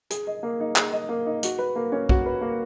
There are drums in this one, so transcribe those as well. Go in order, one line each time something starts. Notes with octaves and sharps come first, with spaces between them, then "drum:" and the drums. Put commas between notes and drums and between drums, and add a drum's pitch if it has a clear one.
G#4, drum: hi-hat
D#5
A#3
D#4
G#4, drum: clap
D#5
A#3
D#4
F#4, drum: hi-hat
B4
A#3
C#4
F#4, drum: kick B1
B4
A#3